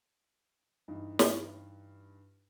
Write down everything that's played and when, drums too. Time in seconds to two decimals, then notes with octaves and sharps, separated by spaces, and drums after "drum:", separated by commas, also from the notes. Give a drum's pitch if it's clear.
0.88 G2 E3 D#4
1.19 drum: snare